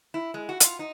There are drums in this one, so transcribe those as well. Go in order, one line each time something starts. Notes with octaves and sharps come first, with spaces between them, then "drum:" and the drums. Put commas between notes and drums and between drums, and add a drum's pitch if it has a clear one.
E4
G#3
F#4
F4, drum: hi-hat
D#4